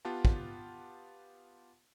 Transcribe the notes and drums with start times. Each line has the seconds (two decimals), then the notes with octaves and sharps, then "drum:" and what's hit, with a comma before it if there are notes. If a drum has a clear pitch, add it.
0.05 B3 F4 G4 F#5 A5
0.25 drum: kick